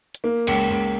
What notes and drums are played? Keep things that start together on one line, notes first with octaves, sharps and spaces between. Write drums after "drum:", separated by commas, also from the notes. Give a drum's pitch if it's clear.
drum: hi-hat
A#3
C#2, drum: cymbal
C#2